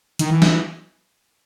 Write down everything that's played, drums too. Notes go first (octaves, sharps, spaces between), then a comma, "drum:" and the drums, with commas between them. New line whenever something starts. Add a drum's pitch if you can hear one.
D#3, drum: hi-hat
E3
drum: snare